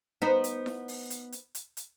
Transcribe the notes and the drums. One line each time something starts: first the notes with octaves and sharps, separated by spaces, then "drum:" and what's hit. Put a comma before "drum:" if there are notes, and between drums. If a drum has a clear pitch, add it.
B3 D#4 C5
drum: hi-hat
drum: snare E4
drum: open hi-hat
drum: hi-hat
drum: hi-hat
drum: hi-hat
drum: hi-hat